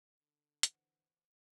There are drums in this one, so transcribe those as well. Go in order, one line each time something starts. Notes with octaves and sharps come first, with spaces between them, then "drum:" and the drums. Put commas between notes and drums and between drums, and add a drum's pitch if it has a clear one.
D3
E3 C5 F#5, drum: hi-hat